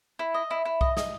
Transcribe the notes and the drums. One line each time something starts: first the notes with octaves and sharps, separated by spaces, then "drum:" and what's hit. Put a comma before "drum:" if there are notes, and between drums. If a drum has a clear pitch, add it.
E4
D#5
E4
E4
D#5, drum: kick C2
D#5, drum: snare